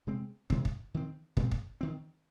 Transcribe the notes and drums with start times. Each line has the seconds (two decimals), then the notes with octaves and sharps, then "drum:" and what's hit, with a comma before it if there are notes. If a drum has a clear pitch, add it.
0.07 C3 G#3 C4
0.50 C3 D#3 G#3 C4, drum: kick
0.65 drum: kick
0.94 D#3 C4
1.37 A#2 G#3 C4, drum: kick
1.51 drum: kick
1.81 D#3 C4